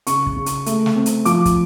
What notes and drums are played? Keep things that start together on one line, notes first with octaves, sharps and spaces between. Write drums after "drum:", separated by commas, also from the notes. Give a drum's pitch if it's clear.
C#3 C#6, drum: hi-hat
drum: kick
C#3
drum: hi-hat
A3, drum: hi-hat
drum: snare
C4
drum: hi-hat
F3 D6, drum: hi-hat
drum: kick, hi-hat